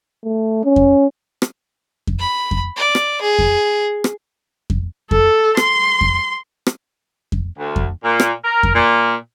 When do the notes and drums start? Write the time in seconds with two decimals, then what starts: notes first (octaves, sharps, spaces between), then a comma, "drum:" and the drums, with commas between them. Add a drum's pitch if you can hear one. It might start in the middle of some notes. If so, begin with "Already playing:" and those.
0.24 A3
0.64 C#4
0.76 drum: kick F2
1.42 drum: rim click
2.07 drum: kick F2
2.19 B5
2.51 drum: kick F2
2.76 D5
2.95 drum: rim click
3.22 G#4
3.39 drum: kick F2
4.04 drum: rim click
4.70 drum: kick F2
5.11 A4, drum: kick F2
5.57 C6, drum: rim click
6.01 drum: kick F2
6.67 drum: rim click
7.32 drum: kick F2
7.57 D2
7.76 drum: kick F2
8.03 A#2
8.20 drum: rim click
8.44 A#4
8.63 drum: kick F2
8.74 A#2